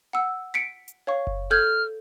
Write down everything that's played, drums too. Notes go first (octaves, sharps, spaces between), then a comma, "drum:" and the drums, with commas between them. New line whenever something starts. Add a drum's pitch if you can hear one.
F#5 E6
B6 C#7 D7
drum: hi-hat
C#5 F5 C#6
drum: kick F#1
A4 F6 G6 G#6